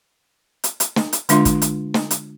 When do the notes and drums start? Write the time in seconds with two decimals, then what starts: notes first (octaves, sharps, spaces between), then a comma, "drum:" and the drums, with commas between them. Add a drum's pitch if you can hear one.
0.64 drum: hi-hat
0.80 drum: hi-hat
0.96 drum: snare
1.13 drum: hi-hat
1.29 D3 G#3 D4 F4 E5 C6, drum: hi-hat
1.45 drum: kick, hi-hat
1.62 drum: hi-hat
1.94 drum: snare
2.11 drum: hi-hat